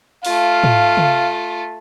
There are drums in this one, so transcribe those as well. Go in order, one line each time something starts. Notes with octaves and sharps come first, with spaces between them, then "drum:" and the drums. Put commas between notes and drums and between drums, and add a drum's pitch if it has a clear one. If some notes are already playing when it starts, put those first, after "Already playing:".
A3 F4 F5, drum: open hi-hat
drum: tom
drum: tom